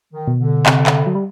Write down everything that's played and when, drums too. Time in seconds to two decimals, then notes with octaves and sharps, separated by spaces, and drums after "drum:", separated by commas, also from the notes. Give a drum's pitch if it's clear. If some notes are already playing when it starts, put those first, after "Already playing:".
0.13 D#3
0.27 B2
0.40 D3
0.66 C3, drum: clap
0.86 drum: clap
1.06 F#3
1.15 G3